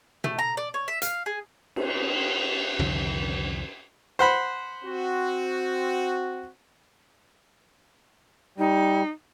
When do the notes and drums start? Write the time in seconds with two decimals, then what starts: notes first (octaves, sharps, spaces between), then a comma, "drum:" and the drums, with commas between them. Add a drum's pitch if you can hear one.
0.24 A3, drum: tom
0.39 A#5
0.57 D5
0.74 C#5
0.88 E5
1.02 F5, drum: hi-hat
1.26 G#4
1.76 drum: cymbal
2.79 C2 F2 D3 D#3
4.19 C5 F#5 B5
4.84 C4 F#4
8.58 G3 D#4